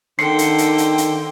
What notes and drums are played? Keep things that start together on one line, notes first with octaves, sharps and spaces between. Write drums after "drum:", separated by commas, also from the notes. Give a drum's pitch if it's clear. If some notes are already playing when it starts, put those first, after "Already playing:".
D3 D#3 A4 C5 G5 C7 C#7, drum: rim click
drum: hi-hat
drum: hi-hat
drum: hi-hat
drum: hi-hat